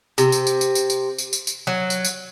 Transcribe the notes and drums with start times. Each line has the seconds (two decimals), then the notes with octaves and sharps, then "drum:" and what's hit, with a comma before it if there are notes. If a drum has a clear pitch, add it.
0.18 C3, drum: tambourine
0.32 drum: tambourine
0.47 drum: tambourine
0.61 drum: tambourine
0.75 drum: tambourine
0.90 drum: tambourine
1.18 drum: tambourine
1.33 drum: tambourine
1.47 drum: tambourine
1.67 F#3
1.90 drum: tambourine
2.04 drum: tambourine